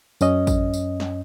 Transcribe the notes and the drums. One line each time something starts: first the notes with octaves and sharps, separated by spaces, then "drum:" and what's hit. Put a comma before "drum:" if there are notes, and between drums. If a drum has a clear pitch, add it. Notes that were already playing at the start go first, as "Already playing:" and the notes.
F#2 C#4 D#5, drum: tambourine
drum: kick A1, tambourine
drum: tambourine
drum: snare